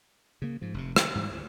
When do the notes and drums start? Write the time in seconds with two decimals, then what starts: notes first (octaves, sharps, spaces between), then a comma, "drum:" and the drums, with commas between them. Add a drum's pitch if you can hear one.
0.42 C#3 A#3
0.61 G#2 F3
0.74 F1 C3
0.96 D#3, drum: rim click
1.15 G#2 E3 G3
1.31 D2